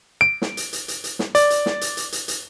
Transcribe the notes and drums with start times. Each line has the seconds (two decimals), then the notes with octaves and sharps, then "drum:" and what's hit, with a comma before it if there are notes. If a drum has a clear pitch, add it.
0.21 D7
0.42 drum: snare
0.57 drum: hi-hat
0.73 drum: hi-hat
0.88 drum: hi-hat
1.04 drum: hi-hat
1.19 drum: snare
1.35 D5, drum: hi-hat
1.50 drum: hi-hat
1.66 drum: snare
1.81 drum: hi-hat
1.97 drum: hi-hat
2.12 drum: hi-hat
2.28 drum: hi-hat